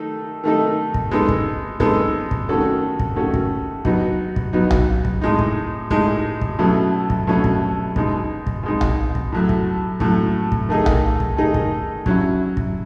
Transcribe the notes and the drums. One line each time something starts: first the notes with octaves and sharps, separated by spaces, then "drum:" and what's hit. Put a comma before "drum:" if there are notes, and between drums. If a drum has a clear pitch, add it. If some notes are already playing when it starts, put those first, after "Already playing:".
Already playing: D#3 A3 D#4 A4
D#3 A3 D#4 A4
drum: kick
G#3 B3 D#4 A4
drum: kick
G#3 B3 D#4 A4, drum: kick
drum: kick
D#3 A3 C#4 F#4 A4
drum: kick
D#3 A3 C#4 F#4 A4
drum: kick
F#3 B3 D#4 F#4, drum: kick
drum: kick
F#3 B3 D#4 F#4
drum: tom B1
drum: kick
A2 G#3 D#4
drum: kick
A2 G#3 D#4, drum: kick
drum: kick
B2 F#3 A3 C#4 E4
drum: kick
B2 F#3 A3 C#4 E4
drum: kick
B2 G#3 D#4, drum: kick
drum: kick
B2 G#3 D#4
drum: tom B1
drum: kick
A2 F#3 A3
drum: kick
A2 F#3 A3, drum: kick
drum: kick
D#3 A3 D#4 G#4
drum: tom B1
drum: kick
D#3 A3 D#4 G#4
drum: kick
F#3 C#4 E4, drum: kick
drum: kick